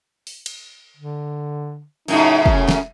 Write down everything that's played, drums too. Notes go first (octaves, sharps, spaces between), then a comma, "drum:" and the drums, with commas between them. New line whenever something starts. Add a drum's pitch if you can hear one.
drum: open hi-hat
drum: cymbal
D3
F#2 A2 C#3 D#4, drum: open hi-hat
C#4, drum: kick
drum: snare